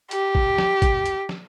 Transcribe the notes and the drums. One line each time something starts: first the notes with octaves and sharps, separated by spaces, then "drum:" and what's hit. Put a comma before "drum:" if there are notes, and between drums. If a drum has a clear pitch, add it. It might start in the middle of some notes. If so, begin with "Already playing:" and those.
G4, drum: hi-hat
drum: kick
drum: snare
drum: kick, hi-hat
drum: hi-hat
drum: snare